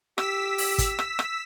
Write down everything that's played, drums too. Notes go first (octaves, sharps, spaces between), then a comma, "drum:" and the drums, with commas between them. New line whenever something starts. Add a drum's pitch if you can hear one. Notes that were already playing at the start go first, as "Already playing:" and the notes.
G4 E6 B6, drum: rim click
drum: open hi-hat
drum: kick, hi-hat
drum: rim click
drum: rim click